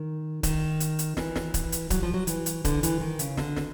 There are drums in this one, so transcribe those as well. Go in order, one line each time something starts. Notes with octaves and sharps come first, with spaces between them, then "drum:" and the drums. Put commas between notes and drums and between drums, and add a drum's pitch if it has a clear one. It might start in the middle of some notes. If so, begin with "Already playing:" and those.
Already playing: D#3
D#3, drum: kick C#1, hi-hat
drum: hi-hat
drum: hi-hat
E3, drum: snare
drum: snare
drum: kick C#1, hi-hat
drum: hi-hat
F#3, drum: kick C#1, hi-hat
F3
F#3
E3, drum: hi-hat
drum: hi-hat
D3, drum: kick C#1, hi-hat
E3, drum: hi-hat
D#3
C#3, drum: hi-hat
D3, drum: snare
drum: snare